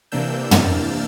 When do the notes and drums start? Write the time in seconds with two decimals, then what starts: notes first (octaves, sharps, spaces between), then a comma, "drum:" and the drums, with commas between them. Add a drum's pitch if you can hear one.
0.12 C3 E3 A#3 D4 E6 G6
0.51 F6 A6, drum: tom